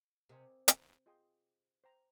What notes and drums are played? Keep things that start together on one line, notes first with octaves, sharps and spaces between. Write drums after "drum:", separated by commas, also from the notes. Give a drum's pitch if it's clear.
C3 G4 A#4 D#5 G#5 C6
drum: hi-hat
F4 G#4 D#5 G5 C6
C5 G5 A#5